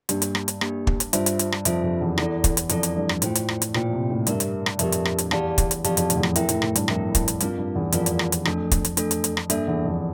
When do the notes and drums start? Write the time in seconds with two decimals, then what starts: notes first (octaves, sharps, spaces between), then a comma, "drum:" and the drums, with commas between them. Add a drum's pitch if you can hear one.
0.09 G2 A#3 D4 G4, drum: hi-hat
0.22 drum: hi-hat
0.35 drum: rim click
0.48 drum: hi-hat
0.61 A#3 D4 G4, drum: rim click
0.87 drum: kick
1.00 drum: hi-hat
1.13 G2 F4 C5 E5, drum: hi-hat
1.26 drum: hi-hat
1.39 drum: hi-hat
1.52 drum: rim click
1.65 F2 F4 C5 E5, drum: hi-hat
1.83 F2
2.01 E2
2.18 E2 E4 A4 D5, drum: rim click
2.44 drum: kick, hi-hat
2.57 drum: hi-hat
2.69 F2 E4 A4 D5, drum: hi-hat
2.83 drum: hi-hat
2.96 G2
3.09 drum: rim click
3.22 A2 F4 C5 G5, drum: hi-hat
3.35 drum: hi-hat
3.49 drum: rim click
3.62 drum: hi-hat
3.74 A#2 F4 C5 G5, drum: rim click
3.93 C3
4.09 A2
4.27 G2 G4 A#4 E5, drum: hi-hat
4.40 drum: hi-hat
4.66 drum: rim click
4.79 F2 G4 A#4 E5, drum: hi-hat
4.92 drum: hi-hat
5.05 drum: rim click
5.18 drum: hi-hat
5.31 E2 G4 D5 F5 A5, drum: rim click
5.58 drum: kick, hi-hat
5.71 drum: hi-hat
5.84 F2 G4 D5 F5 A5, drum: hi-hat
5.97 F2, drum: hi-hat
6.10 A2, drum: hi-hat
6.17 E2
6.23 F2, drum: rim click
6.36 F2 E4 A#4 E5 G5, drum: hi-hat
6.49 A2, drum: hi-hat
6.62 A2, drum: rim click
6.76 G2, drum: hi-hat
6.88 F2 E4 A#4 E5 G5, drum: rim click
7.15 drum: kick, hi-hat
7.28 drum: hi-hat
7.40 G2 C4 F4 A#4 D5 F5, drum: hi-hat
7.58 G2
7.75 E2
7.92 F2 C4 F4 A#4 D5 F5, drum: hi-hat
8.06 drum: hi-hat
8.19 drum: rim click
8.32 drum: hi-hat
8.45 F2 A3 D4 A4, drum: rim click
8.71 drum: kick, hi-hat
8.85 drum: hi-hat
8.97 A3 D4 A4, drum: hi-hat
9.11 drum: hi-hat
9.24 drum: hi-hat
9.37 drum: rim click
9.50 G2 A#3 D4 A4 E5, drum: hi-hat
9.67 E2
9.85 F2